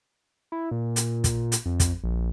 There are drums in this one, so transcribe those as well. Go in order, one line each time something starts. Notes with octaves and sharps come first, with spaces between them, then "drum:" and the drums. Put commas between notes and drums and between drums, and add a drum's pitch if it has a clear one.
E4
A#2
drum: hi-hat
drum: kick, hi-hat
drum: hi-hat
F2
drum: kick, hi-hat
A#1